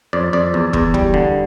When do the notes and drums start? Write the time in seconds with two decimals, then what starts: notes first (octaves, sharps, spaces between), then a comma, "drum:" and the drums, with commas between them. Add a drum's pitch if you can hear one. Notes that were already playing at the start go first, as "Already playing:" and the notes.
0.13 F2 D5
0.33 F2 D5
0.54 E2
0.73 E2, drum: kick
0.94 G3, drum: kick
1.14 D3